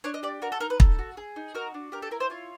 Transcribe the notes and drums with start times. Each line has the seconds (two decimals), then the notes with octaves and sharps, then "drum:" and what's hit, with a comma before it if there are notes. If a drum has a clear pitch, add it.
0.04 D4 C#5
0.14 D#5
0.23 G4 D5
0.42 F#4 A#4
0.52 A4
0.60 D#4 A#4
0.70 B4
0.80 A4, drum: kick
0.99 F#4
1.17 G#4
1.36 D#4
1.55 F#4 A#4
1.74 D4
1.92 G4 A#4
2.02 A4
2.11 E4 A#4
2.20 C5
2.30 F4 C#5